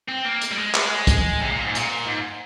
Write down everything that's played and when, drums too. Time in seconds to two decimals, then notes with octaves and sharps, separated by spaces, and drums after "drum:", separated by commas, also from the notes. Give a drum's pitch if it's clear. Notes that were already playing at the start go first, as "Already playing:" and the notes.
0.08 C4
0.25 A#3
0.42 drum: hi-hat
0.51 G3
0.58 G#3
0.74 drum: clap
1.07 drum: kick, hi-hat
1.41 C3
1.52 A#2
1.64 G#2
1.75 A#2, drum: hi-hat
2.06 G#2